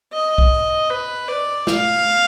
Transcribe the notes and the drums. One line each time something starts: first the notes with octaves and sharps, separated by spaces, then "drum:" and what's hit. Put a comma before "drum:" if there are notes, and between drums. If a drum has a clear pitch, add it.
D#5
drum: kick
B4
D5
F5, drum: snare